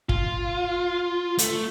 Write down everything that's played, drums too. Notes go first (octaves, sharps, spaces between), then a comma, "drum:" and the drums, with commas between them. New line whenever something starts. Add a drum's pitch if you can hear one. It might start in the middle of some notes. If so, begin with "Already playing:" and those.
F4, drum: kick
A3, drum: hi-hat